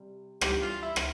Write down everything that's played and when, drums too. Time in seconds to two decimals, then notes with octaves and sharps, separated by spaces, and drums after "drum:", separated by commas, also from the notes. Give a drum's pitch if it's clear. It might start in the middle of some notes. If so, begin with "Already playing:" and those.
Already playing: C3 G3
0.41 G2 E3 G3 D4 G4, drum: rim click
0.62 F4
0.83 E4
0.96 drum: rim click